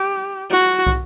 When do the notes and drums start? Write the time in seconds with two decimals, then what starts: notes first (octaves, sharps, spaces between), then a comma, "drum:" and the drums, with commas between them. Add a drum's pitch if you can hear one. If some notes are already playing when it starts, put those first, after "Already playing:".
Already playing: G4
0.51 F#4
0.87 drum: kick